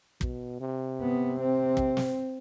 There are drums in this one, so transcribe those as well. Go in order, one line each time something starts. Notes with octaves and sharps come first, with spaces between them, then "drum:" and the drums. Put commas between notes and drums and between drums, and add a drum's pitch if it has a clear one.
B2, drum: kick
C3
B3
C4
drum: kick
drum: snare